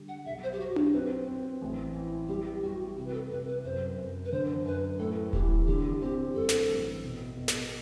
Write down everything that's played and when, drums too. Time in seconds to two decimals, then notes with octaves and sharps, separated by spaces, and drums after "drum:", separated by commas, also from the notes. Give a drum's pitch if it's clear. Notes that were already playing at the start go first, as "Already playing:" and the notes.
Already playing: D3 G3
0.08 F#5
0.26 B1 E5
0.43 C5
0.52 G4
0.59 F#3 F#4
0.76 G4, drum: tom D4
0.93 C4 B4
1.28 C4
1.62 A1
1.95 E3
2.28 G3 G4
2.63 G3 F#4
2.97 C3 F#4
3.06 B4
3.14 A4
3.31 C3 B4
3.48 B4
3.65 F#2 C5
3.98 F#2
4.25 B4
4.32 D3 C5
4.65 F#2 B4
4.99 A2 A4
5.33 E3 G4, drum: kick D#1
5.67 D3 G4
6.02 C4 G4
6.35 G2 A4
6.49 drum: snare
6.69 A1
7.03 B2
7.37 B2
7.48 drum: snare